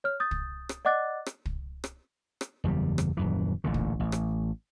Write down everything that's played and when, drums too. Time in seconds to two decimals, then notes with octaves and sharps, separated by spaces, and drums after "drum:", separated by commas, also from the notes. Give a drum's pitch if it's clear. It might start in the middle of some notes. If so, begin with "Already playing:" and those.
0.04 C#5 F6
0.20 D#6 G6 A6
0.31 drum: kick
0.69 drum: rim click
0.85 D5 D#5 F#5 D6 F#6 A6
1.26 drum: rim click
1.45 drum: kick
1.84 drum: rim click
2.41 drum: rim click
2.64 F#1 E2 D3 G3
2.98 drum: rim click
3.17 D#1 F#2 E3
3.64 A1 A#2 D3
3.74 drum: kick
4.00 A1
4.12 drum: rim click